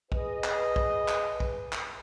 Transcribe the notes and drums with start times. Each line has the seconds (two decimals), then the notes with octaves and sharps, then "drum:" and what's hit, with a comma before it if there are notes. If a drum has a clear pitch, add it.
0.12 G#4 B4 D#5, drum: kick A#1
0.44 drum: clap
0.76 drum: kick A#1
1.08 drum: clap
1.40 drum: kick A#1
1.72 drum: clap